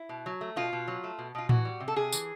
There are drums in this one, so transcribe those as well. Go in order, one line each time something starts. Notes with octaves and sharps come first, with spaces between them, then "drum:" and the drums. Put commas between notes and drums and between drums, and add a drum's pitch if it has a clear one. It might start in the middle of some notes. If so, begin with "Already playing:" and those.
Already playing: E4
B2
F#3
A3
B2 F4
B2
F#3
A3
B2
B2 F4
E3 F#4, drum: tom A2
G3
C3
A4
C3 G#4
E3, drum: tambourine